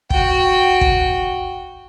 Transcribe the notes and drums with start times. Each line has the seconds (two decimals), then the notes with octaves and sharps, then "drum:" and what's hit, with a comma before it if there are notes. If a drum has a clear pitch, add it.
0.10 F#4 G5, drum: kick
0.81 drum: kick